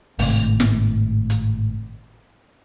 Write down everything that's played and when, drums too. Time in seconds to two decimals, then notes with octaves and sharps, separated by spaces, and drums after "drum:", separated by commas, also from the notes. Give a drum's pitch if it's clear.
0.19 G#1 A2 C3, drum: open hi-hat
0.60 drum: snare
1.30 drum: hi-hat